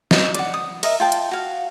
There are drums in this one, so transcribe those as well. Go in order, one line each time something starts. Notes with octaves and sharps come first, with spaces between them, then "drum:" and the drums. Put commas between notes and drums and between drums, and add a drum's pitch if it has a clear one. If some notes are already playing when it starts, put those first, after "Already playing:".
D#4, drum: snare
D5 F#5, drum: hi-hat
D#6
A#4 D#5 E5, drum: cymbal
F4 G5 A5
drum: hi-hat
F#4 F5